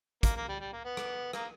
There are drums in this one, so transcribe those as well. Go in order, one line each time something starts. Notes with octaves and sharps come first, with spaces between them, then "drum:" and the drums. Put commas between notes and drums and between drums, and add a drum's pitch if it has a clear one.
A#3, drum: kick, hi-hat
A#3
G3
G3
A#3
B3
drum: rim click
A#3, drum: rim click